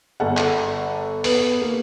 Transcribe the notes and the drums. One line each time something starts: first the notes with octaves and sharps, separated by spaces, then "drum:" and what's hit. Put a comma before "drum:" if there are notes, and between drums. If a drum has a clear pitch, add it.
G1 A4 F#5
drum: clap
B3, drum: open hi-hat
A#3